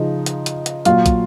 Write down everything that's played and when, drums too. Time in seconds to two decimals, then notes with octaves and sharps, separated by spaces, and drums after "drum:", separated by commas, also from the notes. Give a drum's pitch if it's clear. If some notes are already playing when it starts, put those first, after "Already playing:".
Already playing: C#3 F3 D#4
0.26 drum: hi-hat
0.46 drum: hi-hat
0.66 drum: hi-hat
0.85 A#2 F#3 F4 F5, drum: hi-hat
1.06 drum: kick, hi-hat